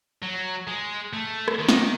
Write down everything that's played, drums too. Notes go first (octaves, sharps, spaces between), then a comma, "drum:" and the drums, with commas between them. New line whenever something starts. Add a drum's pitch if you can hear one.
F#3
G#3
A3
drum: rim click
D#3
drum: snare